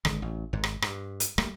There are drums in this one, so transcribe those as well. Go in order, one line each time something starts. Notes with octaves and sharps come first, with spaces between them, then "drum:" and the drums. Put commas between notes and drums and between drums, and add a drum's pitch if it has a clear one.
G#1 D3 G#3, drum: rim click
A1
G#1 G#2
drum: rim click
G2, drum: rim click
drum: hi-hat
D2 G3 A3 A#3, drum: rim click